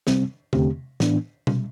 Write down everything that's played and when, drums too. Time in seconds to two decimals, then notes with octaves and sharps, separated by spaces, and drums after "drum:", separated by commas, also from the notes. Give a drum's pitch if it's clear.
0.07 C3 G3 C4, drum: snare
0.53 E2 D3 A3 C4 G4, drum: tom C3
1.00 A2 E3 B3 D4, drum: snare
1.47 B2 G3, drum: tom C3